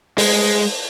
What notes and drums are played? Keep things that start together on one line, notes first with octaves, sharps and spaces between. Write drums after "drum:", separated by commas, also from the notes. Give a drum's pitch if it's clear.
G#3, drum: open hi-hat